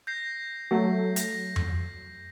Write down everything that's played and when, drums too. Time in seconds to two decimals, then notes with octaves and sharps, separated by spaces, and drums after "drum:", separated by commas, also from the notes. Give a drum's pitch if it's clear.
0.07 G6 A#6 C7
0.71 F#3 A3
1.16 A#6, drum: hi-hat
1.56 drum: tom F2